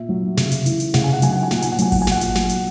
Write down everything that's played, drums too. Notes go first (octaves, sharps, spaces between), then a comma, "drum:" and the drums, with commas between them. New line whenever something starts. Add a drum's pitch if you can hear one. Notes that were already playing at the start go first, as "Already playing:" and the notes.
Already playing: A#2 E5
F#3
C#3, drum: snare
drum: hi-hat
E3, drum: hi-hat
drum: hi-hat
C#3 F#5, drum: snare
G#5
F#5
F#3 G#5, drum: hi-hat
F#5
G#5
A#2 F#5, drum: snare
G#5, drum: hi-hat
F#5
F#3 G#5, drum: hi-hat
F#5, drum: kick G#1, open hi-hat
G#5
A#2 F#5, drum: snare
drum: hi-hat
F#3, drum: snare
drum: hi-hat